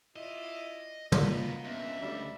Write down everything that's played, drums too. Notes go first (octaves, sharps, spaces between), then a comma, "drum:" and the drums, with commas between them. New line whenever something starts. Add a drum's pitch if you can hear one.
E4 F4 D5 D#5
F#2 A#2 A#3 B3 D#5, drum: tom
C#2 B3 D4 E5
D2 G3